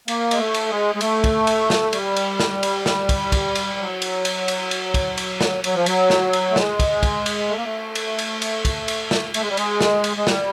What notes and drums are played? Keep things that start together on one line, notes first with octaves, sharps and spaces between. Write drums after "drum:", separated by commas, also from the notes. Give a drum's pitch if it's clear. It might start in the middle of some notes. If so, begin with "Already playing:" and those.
A#3, drum: cymbal
G#3, drum: cymbal
A3
drum: cymbal
G#3
G#3
A3, drum: cymbal
drum: kick, cymbal
drum: cymbal
drum: snare
G3, drum: cymbal
drum: cymbal
drum: snare
drum: cymbal
drum: snare
drum: kick, cymbal
drum: kick, cymbal
drum: cymbal
F#3
drum: cymbal
drum: cymbal
drum: cymbal
drum: cymbal
drum: kick, cymbal
drum: cymbal
drum: snare
F#3, drum: cymbal
F3
F#3, drum: cymbal
drum: snare
drum: cymbal
A3
G#3, drum: snare
drum: kick, cymbal
drum: kick, cymbal
drum: cymbal
A3
A#3
A3
drum: cymbal
drum: cymbal
drum: cymbal
drum: kick, cymbal
drum: cymbal
drum: snare
A3, drum: cymbal
G#3
G3
G#3, drum: cymbal
drum: snare
drum: cymbal
G#3
G3, drum: snare